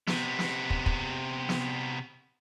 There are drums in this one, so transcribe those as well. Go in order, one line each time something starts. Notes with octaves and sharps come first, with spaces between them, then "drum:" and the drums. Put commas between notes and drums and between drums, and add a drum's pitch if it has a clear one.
C3 B3, drum: snare
drum: snare
drum: kick
drum: kick
drum: snare